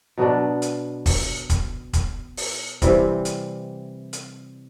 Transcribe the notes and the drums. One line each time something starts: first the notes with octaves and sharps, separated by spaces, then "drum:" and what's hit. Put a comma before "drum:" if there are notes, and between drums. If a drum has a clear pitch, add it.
B2 F#3 B3 D4
drum: hi-hat
drum: kick, open hi-hat
drum: kick, hi-hat
drum: kick, hi-hat
drum: open hi-hat
C3 E3 G3 C4, drum: kick, hi-hat
drum: hi-hat
drum: hi-hat